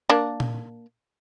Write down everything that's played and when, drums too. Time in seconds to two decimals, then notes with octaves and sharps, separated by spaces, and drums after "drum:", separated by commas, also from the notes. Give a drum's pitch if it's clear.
0.10 A#3 D4
0.40 drum: tom A#2